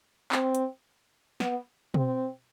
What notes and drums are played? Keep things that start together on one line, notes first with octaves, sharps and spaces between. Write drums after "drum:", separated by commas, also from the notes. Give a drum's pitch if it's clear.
C4, drum: clap
drum: hi-hat
B3, drum: snare
C4, drum: tom B2